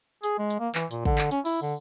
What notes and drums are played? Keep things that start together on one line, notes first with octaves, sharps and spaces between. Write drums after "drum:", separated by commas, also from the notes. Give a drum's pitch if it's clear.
G#4, drum: hi-hat
G#3
drum: hi-hat
A#3
E3, drum: clap
A#2, drum: hi-hat
D3, drum: kick
drum: clap
C#4, drum: hi-hat
E4, drum: open hi-hat
D3